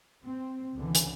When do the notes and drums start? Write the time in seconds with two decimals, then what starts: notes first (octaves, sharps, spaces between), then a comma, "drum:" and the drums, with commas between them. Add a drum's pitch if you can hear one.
0.25 C4
0.75 C#2 B2 D3 E3
0.95 drum: hi-hat